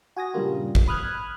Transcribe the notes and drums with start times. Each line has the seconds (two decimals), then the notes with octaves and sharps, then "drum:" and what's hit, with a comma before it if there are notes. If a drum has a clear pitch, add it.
0.16 F#4 G#5 D#6 A#6
0.34 G2 A#2 C#3 G3 A#3 F4
0.75 drum: kick
0.88 B5 D#6 F6 F#6 G#6